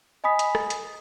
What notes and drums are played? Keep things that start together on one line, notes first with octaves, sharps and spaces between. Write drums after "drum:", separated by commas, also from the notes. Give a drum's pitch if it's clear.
D#5 G#5 B5 D#6 B6
drum: hi-hat
drum: rim click
drum: hi-hat